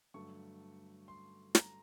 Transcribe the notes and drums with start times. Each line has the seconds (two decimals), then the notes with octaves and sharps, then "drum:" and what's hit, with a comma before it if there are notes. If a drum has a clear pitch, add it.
0.14 G2 D3 F#3 A3 C#6
1.08 C6
1.55 A#5, drum: snare